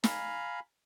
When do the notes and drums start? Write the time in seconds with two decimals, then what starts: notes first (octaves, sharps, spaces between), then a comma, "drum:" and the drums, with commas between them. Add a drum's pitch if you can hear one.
0.04 F5 G#5 A#5 B5, drum: snare